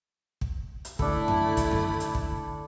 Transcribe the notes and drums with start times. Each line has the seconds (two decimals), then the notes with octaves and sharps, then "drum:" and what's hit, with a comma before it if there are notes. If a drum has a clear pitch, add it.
0.41 drum: kick
0.85 drum: hi-hat
0.99 D3 A3 D4 E4 A4 B5, drum: kick
1.28 drum: tom F2
1.57 drum: kick, hi-hat
1.71 drum: tom F2
2.00 drum: hi-hat
2.15 drum: kick